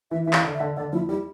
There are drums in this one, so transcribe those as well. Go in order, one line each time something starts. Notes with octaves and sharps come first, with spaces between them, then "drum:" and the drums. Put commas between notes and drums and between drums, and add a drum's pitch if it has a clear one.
E3 E5
E3 E5
F5, drum: clap
D3
E5
D3
D3 D5
F3 E4
G3 E4